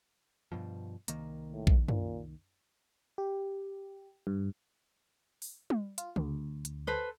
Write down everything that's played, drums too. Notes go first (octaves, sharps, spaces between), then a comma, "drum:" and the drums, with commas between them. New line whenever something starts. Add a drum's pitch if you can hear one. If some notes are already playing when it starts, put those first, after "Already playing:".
G2 B2 F3
C2 D#3 A#3, drum: hi-hat
A2
drum: kick A#1
A#2, drum: tom F#2
G4
G2
drum: open hi-hat
drum: tom
F4, drum: hi-hat
D2, drum: tom C#3
drum: hi-hat
A4 B4 C5